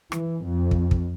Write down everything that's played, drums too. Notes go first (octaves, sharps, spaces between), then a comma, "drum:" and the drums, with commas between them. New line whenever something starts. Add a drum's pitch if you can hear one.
E3, drum: rim click
F2
drum: kick
drum: kick